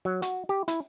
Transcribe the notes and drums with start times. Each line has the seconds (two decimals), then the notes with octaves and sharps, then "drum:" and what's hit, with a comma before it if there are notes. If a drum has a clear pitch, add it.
0.05 F#3
0.22 F#4, drum: hi-hat
0.49 G4
0.68 E4, drum: hi-hat